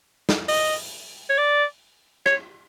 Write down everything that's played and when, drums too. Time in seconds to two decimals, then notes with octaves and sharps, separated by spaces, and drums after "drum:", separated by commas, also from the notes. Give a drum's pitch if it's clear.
0.29 drum: snare
0.48 D#5, drum: open hi-hat
1.29 C#5
1.38 D5
2.26 C#5, drum: rim click